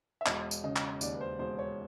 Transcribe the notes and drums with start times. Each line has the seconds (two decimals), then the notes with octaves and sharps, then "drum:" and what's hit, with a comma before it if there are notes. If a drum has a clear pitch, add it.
0.21 E5
0.26 E1 D#5, drum: clap
0.51 drum: tambourine
0.64 C#3 D#5
0.76 drum: clap
1.01 D#2 D5, drum: tambourine
1.14 B4
1.21 C5
1.39 E1 C5
1.59 C#5